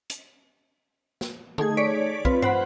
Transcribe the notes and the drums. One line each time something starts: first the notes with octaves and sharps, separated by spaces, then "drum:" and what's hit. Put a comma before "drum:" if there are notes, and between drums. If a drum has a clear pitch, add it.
drum: hi-hat
drum: snare
A3 D#4 G#4 G#6, drum: tom D3
C#5 D5 B6 D7
C4 F4 B4, drum: kick
C5 F#5 B5, drum: tom